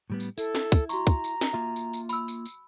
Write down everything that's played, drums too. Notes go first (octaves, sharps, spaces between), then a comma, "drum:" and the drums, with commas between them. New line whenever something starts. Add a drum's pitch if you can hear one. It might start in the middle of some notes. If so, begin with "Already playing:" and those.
A2 G3 B3
drum: tambourine
E4 A4, drum: tambourine
drum: snare
drum: kick, tambourine
F#4 A#5 C#6, drum: tambourine
drum: kick, tambourine
drum: tambourine
drum: snare
A#3 F4 E5
drum: tambourine
drum: tambourine
B5 E6, drum: tambourine
drum: tambourine
drum: tambourine